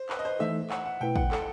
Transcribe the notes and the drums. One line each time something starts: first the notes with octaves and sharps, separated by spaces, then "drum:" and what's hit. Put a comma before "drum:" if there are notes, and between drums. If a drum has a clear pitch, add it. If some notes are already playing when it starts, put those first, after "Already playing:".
Already playing: C5
B4, drum: clap
D#5
C5
E3 A3 D#4 A4 E5
F#5, drum: clap
F#5
B2 A3 E4 B4 G5
F#5, drum: kick
A4, drum: clap